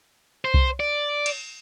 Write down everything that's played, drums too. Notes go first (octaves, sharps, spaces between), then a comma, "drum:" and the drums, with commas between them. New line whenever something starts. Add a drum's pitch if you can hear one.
C5
drum: kick C2
D5
drum: cymbal